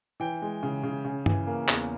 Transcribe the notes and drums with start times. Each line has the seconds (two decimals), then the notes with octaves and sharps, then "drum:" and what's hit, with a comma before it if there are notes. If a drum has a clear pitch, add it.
0.20 E3 G5
0.42 G#3
0.63 C#3
0.83 C#3
1.05 C#3
1.26 E3, drum: tom G2
1.47 A#3
1.68 E2, drum: clap